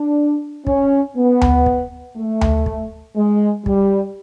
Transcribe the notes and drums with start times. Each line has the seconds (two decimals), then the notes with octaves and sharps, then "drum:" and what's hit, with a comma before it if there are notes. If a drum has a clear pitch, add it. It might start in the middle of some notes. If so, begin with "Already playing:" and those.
Already playing: D4
0.67 C#4, drum: kick
1.16 B3
1.41 drum: tom D2
1.66 drum: kick
2.17 A3
2.41 drum: tom D2
2.66 drum: kick
3.17 G#3
3.66 G3, drum: kick